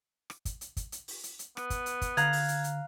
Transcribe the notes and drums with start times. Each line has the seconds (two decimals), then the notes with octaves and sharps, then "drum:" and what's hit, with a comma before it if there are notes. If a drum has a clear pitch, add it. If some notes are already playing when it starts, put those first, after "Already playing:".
0.30 drum: rim click
0.45 drum: kick, hi-hat
0.61 drum: hi-hat
0.77 drum: kick, hi-hat
0.92 drum: hi-hat
1.08 drum: open hi-hat
1.23 drum: hi-hat
1.39 drum: hi-hat
1.57 B3, drum: rim click
1.70 drum: kick, hi-hat
1.86 drum: hi-hat
2.02 drum: kick, hi-hat
2.17 D3 F5 A#5 F#6 G#6, drum: hi-hat
2.33 drum: open hi-hat
2.48 drum: hi-hat
2.64 drum: hi-hat